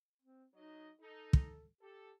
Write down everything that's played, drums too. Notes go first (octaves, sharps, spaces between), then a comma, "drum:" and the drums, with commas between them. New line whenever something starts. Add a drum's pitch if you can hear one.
C4
F#3 D#4 D#5
D#4 A4
drum: kick
G4 A4